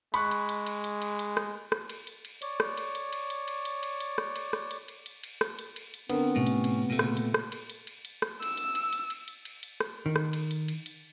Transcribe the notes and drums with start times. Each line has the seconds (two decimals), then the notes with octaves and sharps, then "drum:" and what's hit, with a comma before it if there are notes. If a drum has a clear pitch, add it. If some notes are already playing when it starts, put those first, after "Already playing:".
0.14 G#3 B5 C#6 F#6, drum: cymbal
0.31 drum: cymbal
0.49 drum: cymbal
0.66 drum: cymbal
0.84 drum: cymbal
1.02 drum: cymbal
1.19 drum: cymbal
1.37 drum: rim click
1.72 drum: rim click
1.90 drum: cymbal
2.07 drum: cymbal
2.25 drum: cymbal
2.42 C#5 D5, drum: cymbal
2.60 drum: rim click
2.77 drum: cymbal
2.95 drum: cymbal
3.13 drum: cymbal
3.30 drum: cymbal
3.48 drum: cymbal
3.65 drum: cymbal
3.83 drum: cymbal
4.00 drum: cymbal
4.18 drum: rim click
4.36 drum: cymbal
4.53 drum: rim click
4.71 drum: cymbal
4.88 drum: cymbal
5.06 drum: cymbal
5.23 drum: cymbal
5.41 drum: rim click
5.59 drum: cymbal
5.76 drum: cymbal
5.94 drum: cymbal
6.09 D3 B3 C4 A#4, drum: cymbal
6.36 A2 C3 C#4
6.47 drum: cymbal
6.64 drum: cymbal
6.90 A#2 C#3 A3
6.99 drum: rim click
7.17 drum: cymbal
7.34 drum: rim click
7.52 drum: cymbal
7.70 drum: cymbal
7.87 drum: cymbal
8.05 drum: cymbal
8.22 drum: rim click
8.42 E6, drum: cymbal
8.57 drum: cymbal
8.75 drum: cymbal
8.93 drum: cymbal
9.10 drum: cymbal
9.28 drum: cymbal
9.45 drum: cymbal
9.63 drum: cymbal
9.80 drum: rim click
10.06 D#3
10.16 drum: rim click
10.33 drum: cymbal
10.51 drum: cymbal
10.68 drum: cymbal
10.86 drum: cymbal